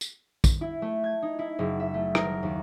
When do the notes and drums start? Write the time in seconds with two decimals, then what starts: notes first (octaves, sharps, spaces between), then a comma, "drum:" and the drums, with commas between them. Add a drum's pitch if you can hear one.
0.01 drum: tambourine
0.44 drum: kick, tambourine
0.61 E4
0.82 A3
1.04 G#6
1.22 D#4
1.39 E4
1.59 F#1
1.80 E5
1.94 A3
2.15 A#4, drum: rim click
2.43 D#2